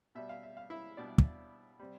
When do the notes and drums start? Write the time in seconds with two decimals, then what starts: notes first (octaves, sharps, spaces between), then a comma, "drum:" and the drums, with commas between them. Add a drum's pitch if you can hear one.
0.15 B2 G3 E5
0.29 F5
0.43 E5
0.57 F5
0.70 E4 E5
0.97 B2 G3 D4 D5
1.18 drum: kick
1.79 C3 G3